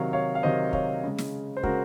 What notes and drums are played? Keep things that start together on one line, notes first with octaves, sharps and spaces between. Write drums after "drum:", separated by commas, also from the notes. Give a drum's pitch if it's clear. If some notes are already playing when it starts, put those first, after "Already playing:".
Already playing: C3 D#3 F#3 C#5 F5
C#5 F5
F5
C3 D#3 F#3 C5 D#5
C#5 F5, drum: kick
C#3 G#3
drum: snare
C5
C#3 G#3 F#4 A#4, drum: kick